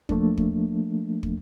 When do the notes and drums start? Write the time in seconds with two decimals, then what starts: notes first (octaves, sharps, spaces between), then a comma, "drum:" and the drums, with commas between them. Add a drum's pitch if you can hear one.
0.09 F3 A3 A#3 D4, drum: kick
0.37 drum: kick
1.23 drum: kick